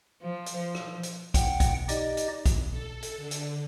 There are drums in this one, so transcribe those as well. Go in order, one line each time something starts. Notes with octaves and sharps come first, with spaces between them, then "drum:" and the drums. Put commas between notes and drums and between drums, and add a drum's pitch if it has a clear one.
F3
drum: hi-hat
F3
drum: rim click
drum: hi-hat
F#5 G5, drum: kick, hi-hat
drum: kick, hi-hat
D#4 G4 D5 D#5, drum: hi-hat
drum: hi-hat
drum: kick, hi-hat
A4
drum: hi-hat
D3
drum: hi-hat